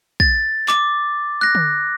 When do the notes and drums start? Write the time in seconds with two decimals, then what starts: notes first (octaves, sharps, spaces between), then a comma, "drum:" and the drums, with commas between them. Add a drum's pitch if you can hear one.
0.20 A6, drum: kick
0.68 D6, drum: clap
1.41 F#6 A#6
1.55 drum: tom D3